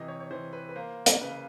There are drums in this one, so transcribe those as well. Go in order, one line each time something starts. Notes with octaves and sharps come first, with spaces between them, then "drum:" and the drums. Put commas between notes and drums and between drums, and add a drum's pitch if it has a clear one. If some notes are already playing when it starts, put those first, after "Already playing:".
Already playing: C3 E3 D#5
C#5
C#5
E3 C5
B4
B4
A#3 C5
drum: hi-hat
C#3 B4